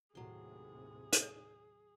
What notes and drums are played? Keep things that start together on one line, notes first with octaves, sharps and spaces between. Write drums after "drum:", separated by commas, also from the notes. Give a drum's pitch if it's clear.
D#2 A2 C3 F#3 G#4 C6
drum: hi-hat